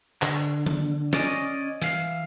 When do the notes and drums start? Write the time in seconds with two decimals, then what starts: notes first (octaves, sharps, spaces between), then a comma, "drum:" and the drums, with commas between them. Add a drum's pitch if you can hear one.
0.22 D3, drum: clap
0.66 drum: tom D#3
1.13 C#4 D5 D#5, drum: snare
1.82 E3 F5, drum: hi-hat